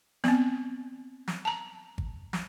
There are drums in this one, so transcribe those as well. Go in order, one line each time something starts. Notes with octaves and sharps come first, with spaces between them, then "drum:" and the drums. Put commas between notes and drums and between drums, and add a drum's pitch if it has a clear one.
B3 C4, drum: snare
drum: snare
A5 A#5
drum: kick G#1
drum: snare